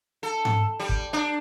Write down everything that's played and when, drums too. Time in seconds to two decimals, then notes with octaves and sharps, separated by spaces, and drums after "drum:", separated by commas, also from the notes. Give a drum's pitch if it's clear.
0.23 A4
0.45 drum: tom G#2
0.80 G3
0.89 drum: kick
1.13 D4